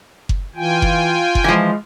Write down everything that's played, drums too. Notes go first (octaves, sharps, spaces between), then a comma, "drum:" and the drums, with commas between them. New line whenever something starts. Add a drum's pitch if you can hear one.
drum: kick F#1
E3 F4 G5 G#5
drum: kick F#1
drum: kick F#1
E3 F3 G#3